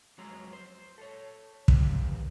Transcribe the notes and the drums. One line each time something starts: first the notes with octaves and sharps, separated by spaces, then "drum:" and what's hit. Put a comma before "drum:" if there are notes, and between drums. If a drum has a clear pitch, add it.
F2 F#3 G#3 C5 A#5
C5
A4 C#5
E3 G3 G4 A#4, drum: kick